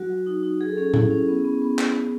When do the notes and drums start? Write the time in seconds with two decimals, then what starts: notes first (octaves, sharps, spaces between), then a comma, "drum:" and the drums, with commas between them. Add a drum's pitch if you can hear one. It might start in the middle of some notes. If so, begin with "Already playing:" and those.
Already playing: F#3 F#4
0.10 F#3
0.27 D#4
0.43 D#4
0.60 F#3 G#4
0.70 A4
0.77 C#4 G#4
0.94 E4, drum: tom A2
1.11 C#4
1.28 B3
1.44 B3
1.62 B3
1.79 B3, drum: clap
1.95 B3